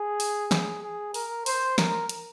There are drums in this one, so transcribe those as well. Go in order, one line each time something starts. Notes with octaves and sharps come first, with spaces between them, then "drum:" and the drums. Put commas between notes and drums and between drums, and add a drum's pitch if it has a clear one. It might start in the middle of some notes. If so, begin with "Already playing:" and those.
Already playing: G#4
drum: open hi-hat
G#4, drum: snare
G#4
A#4, drum: open hi-hat
C5, drum: open hi-hat
A#4, drum: snare
drum: hi-hat